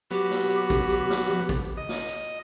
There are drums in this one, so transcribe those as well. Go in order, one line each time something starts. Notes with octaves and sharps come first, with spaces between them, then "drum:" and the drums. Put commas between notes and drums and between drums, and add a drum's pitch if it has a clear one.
F#3 B3 G4, drum: hi-hat
drum: snare
drum: hi-hat
drum: kick, hi-hat
drum: hi-hat
drum: snare
drum: tom F3
drum: kick, hi-hat
D#5
drum: snare
drum: hi-hat